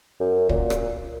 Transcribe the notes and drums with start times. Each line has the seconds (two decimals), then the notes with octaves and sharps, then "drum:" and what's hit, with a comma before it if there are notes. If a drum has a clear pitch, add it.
0.20 F#2
0.49 A#2, drum: kick
0.70 drum: rim click